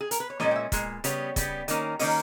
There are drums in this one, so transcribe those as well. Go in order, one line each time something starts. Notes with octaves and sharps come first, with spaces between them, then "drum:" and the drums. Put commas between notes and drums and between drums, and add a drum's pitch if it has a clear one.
G#4
A#4, drum: hi-hat
B4
C#5
A#2 G#3 C#4 D#5, drum: snare
G5
E5
A#2 G#3, drum: kick, hi-hat
C#3 G3 B3 C#5, drum: hi-hat
C#3 G3 B3, drum: kick, hi-hat
D#3 A#3 C#4, drum: hi-hat
D#3 A#3 C#4 D#5, drum: open hi-hat